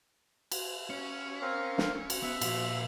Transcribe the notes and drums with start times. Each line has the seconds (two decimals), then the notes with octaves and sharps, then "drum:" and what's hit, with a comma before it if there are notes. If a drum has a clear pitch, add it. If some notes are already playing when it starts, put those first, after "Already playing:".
0.52 drum: cymbal
0.90 C#4
1.42 C4 A#4 F5
1.78 drum: snare
2.10 drum: cymbal
2.23 B3 E5
2.41 A#2 F3, drum: cymbal